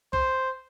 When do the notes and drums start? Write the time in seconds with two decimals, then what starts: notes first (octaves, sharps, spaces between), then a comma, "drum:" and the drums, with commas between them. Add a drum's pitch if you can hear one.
0.13 C5, drum: kick B1